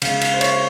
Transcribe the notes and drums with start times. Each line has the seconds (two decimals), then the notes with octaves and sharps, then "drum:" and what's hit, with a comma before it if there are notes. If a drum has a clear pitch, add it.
0.02 C#3 G#3 F5, drum: cymbal
0.21 F5, drum: cymbal
0.34 C5
0.41 C#5, drum: cymbal